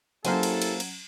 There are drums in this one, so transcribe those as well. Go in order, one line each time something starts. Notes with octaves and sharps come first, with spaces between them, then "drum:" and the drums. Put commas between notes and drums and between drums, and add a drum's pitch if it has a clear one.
F#3 A#3 C#4 E4 G4 A4 C5 G#5, drum: cymbal
drum: cymbal
drum: cymbal
drum: cymbal